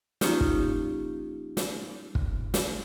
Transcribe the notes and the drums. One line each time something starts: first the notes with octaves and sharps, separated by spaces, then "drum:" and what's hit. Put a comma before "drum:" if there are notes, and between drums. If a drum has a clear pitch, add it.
F3 A#3 C#4 D#4 F4 G4, drum: snare
drum: kick
drum: snare
drum: kick
drum: snare